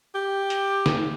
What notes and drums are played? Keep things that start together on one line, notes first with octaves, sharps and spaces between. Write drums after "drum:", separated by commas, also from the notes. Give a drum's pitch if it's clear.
G4
drum: hi-hat
drum: snare